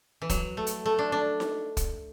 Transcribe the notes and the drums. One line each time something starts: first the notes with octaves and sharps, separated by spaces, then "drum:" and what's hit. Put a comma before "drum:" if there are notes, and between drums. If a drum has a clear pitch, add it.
E3
F#3, drum: kick, hi-hat
A3
drum: hi-hat
A3
D4
D4
drum: snare D#4
drum: kick, hi-hat